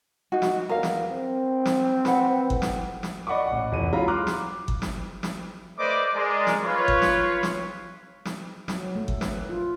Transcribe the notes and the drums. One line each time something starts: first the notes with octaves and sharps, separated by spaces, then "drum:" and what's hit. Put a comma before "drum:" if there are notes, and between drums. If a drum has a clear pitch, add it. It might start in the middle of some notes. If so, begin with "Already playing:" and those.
D#4 F#4
drum: snare
E2 A#4 F5
drum: snare
C4
drum: snare
B4 F#5, drum: snare
A2, drum: kick G1
drum: snare
drum: snare
D5 D#5 F#5 B5 C#6 D6
A1 F#5
F1 E3 D#7
F#3 G#3 E4 F4 A#5 B5
A#5 C6 D6 F6 F#6
drum: snare
drum: kick G1
drum: snare
drum: snare
A3 B4 C5 D5 D#5 D6
G#3 A#4 D5
drum: snare
F4 B4 C#5
drum: kick G1
drum: snare
drum: snare
drum: snare
F#3, drum: snare
A3
drum: kick G1
B4, drum: snare
F4